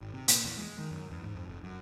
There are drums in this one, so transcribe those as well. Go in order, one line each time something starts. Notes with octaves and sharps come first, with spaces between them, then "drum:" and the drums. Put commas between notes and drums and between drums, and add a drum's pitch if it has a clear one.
G#1
C3
A#2, drum: hi-hat
E2
G#3
D#3
F#2
E2
G#2
F2
F1
F#2